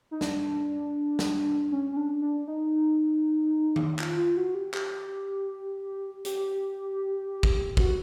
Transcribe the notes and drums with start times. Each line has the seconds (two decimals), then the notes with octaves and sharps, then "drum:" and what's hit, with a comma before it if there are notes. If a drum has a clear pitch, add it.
0.11 D#4
0.21 D4, drum: snare
1.19 drum: snare
1.72 C#4
1.92 C#4
1.97 D4
2.22 D4
2.47 D#4
3.76 drum: tom D#3
3.99 F4, drum: clap
4.17 F4
4.37 F#4
4.55 G4
4.74 G4, drum: clap
6.25 G4, drum: hi-hat
7.43 drum: kick
7.77 F#4, drum: kick